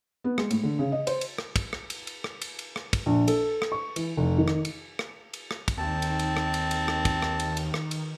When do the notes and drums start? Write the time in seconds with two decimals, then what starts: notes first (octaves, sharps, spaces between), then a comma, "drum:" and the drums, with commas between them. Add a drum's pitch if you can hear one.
0.24 B3
0.38 G#3, drum: rim click
0.51 A2, drum: cymbal
0.63 D3
0.79 C#3
0.92 D#5
1.07 C5, drum: cymbal
1.21 drum: cymbal
1.38 drum: rim click
1.56 drum: kick, cymbal
1.73 drum: rim click
1.90 drum: cymbal
2.07 drum: cymbal
2.24 drum: rim click
2.42 drum: cymbal
2.59 drum: cymbal
2.76 drum: rim click
2.93 drum: kick, cymbal
3.06 A#1
3.28 A4, drum: cymbal
3.62 drum: rim click
3.72 C#6
3.96 E3, drum: cymbal
4.17 F1
4.38 D#3
4.48 drum: rim click
4.65 drum: cymbal
4.99 drum: rim click
5.33 drum: cymbal
5.51 drum: rim click
5.68 drum: kick, cymbal
5.78 D#2 D#3 C4 A5
6.02 drum: cymbal
6.19 drum: cymbal
6.37 drum: rim click
6.54 drum: cymbal
6.71 drum: cymbal
6.88 drum: rim click
7.05 drum: kick, cymbal
7.22 drum: rim click
7.40 drum: cymbal
7.57 drum: cymbal
7.74 drum: rim click
7.91 drum: cymbal